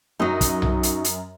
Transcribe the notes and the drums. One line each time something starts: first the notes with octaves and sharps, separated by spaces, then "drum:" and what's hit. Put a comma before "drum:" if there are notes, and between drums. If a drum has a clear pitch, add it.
F#2 F#3 D#4 D#6
drum: kick, hi-hat
drum: tom B1
drum: hi-hat
drum: hi-hat